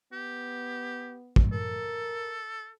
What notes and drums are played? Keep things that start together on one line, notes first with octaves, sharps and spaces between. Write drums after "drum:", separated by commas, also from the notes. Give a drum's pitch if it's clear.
B3 G4
drum: kick
A4 A#4